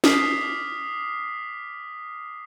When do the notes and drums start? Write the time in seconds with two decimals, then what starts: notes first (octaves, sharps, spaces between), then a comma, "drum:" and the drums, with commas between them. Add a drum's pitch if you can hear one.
0.04 D6 D#6 F6 B6 C7, drum: snare